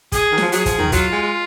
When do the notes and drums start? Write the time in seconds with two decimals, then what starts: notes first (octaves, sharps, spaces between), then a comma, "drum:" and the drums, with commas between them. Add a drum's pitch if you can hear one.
0.12 G#4, drum: kick, hi-hat
0.32 D#3
0.38 F#3, drum: snare
0.42 F3
0.52 F#3 G#4, drum: hi-hat
0.66 F3, drum: kick, hi-hat
0.79 D#3, drum: tom D#2
0.92 F#3 F4, drum: kick, hi-hat
1.12 G#3
1.22 G#3